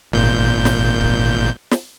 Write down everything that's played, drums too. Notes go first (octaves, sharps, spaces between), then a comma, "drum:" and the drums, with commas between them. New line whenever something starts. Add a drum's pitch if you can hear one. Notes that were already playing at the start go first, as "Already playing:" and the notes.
G#1 A#2 G6
drum: snare
drum: kick C#1
drum: snare